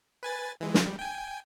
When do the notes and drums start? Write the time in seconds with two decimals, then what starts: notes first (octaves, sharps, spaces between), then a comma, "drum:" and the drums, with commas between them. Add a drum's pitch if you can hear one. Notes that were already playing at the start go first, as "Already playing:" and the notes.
0.23 B4 G#5 A6
0.60 E3 G#3
0.74 drum: snare
0.86 G3
0.99 G5 G#5